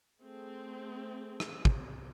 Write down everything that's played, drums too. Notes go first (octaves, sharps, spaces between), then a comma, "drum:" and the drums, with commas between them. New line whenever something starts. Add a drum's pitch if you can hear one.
A3 C4 G#4
drum: rim click
drum: kick